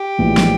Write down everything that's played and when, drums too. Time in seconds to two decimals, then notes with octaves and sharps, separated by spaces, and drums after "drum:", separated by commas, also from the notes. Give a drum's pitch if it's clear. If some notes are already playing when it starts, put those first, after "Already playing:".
Already playing: G4
0.18 A#1 A2 E3 G#3
0.37 drum: snare